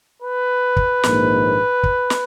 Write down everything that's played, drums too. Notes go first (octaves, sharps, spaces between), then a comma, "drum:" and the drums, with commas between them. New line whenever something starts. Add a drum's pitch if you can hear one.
B4
drum: kick
A#1 G#2 D#3 A#3, drum: snare
drum: kick
drum: snare